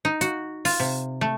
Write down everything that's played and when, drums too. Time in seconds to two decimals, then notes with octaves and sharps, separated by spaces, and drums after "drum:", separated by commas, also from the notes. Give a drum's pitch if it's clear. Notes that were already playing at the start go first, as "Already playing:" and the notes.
0.05 D#4
0.21 F#4, drum: hi-hat
0.65 F4, drum: open hi-hat
0.80 C3
1.21 A3